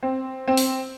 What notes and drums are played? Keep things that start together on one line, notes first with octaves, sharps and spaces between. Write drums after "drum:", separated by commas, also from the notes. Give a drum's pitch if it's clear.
C4
C4
drum: open hi-hat